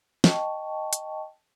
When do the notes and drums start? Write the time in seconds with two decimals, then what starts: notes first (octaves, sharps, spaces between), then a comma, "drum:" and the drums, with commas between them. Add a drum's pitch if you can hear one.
0.24 D#5 G5 A5 C#6, drum: snare
0.93 drum: hi-hat